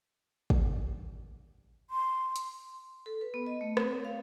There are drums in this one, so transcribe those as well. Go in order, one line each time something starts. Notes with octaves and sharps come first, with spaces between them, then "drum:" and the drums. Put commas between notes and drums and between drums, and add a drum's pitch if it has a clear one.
drum: kick
C6
drum: hi-hat
A4
B4
B3
D#5
A3
C4, drum: rim click
C#5
F5